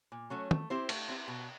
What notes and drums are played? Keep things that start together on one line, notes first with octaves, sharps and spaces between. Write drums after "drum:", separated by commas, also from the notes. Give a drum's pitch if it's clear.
A#2
F#3 A3 C#4 F#4
A3, drum: tom
C4 E4 G4 C5
A3, drum: cymbal
C4 E4 G4 C5
B2